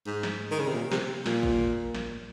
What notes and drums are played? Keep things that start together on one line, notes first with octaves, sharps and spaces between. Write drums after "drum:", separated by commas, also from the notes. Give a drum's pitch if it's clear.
G#2
drum: snare
D#3
C#3
C3
A#2
C3, drum: snare
A#2, drum: snare
drum: kick
drum: snare